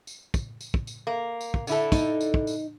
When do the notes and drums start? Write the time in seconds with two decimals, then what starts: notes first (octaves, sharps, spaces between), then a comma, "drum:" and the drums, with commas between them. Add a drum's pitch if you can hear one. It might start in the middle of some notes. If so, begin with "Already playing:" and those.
0.07 drum: tambourine
0.34 drum: kick, tambourine
0.61 drum: tambourine
0.74 drum: kick
0.87 drum: tambourine
1.07 A#3
1.41 drum: tambourine
1.54 drum: kick
1.67 D3 E4 A4, drum: tambourine
1.92 D#4, drum: kick, tambourine
2.21 drum: tambourine
2.34 drum: kick
2.47 drum: tambourine